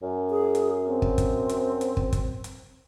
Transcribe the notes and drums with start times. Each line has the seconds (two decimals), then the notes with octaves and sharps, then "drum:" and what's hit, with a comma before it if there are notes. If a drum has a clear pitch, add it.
0.02 F#2
0.31 G#4
0.55 drum: hi-hat
0.86 C4
1.02 drum: kick
1.18 drum: kick, hi-hat
1.49 drum: hi-hat
1.81 drum: hi-hat
1.97 drum: kick
2.13 drum: kick, hi-hat
2.44 drum: hi-hat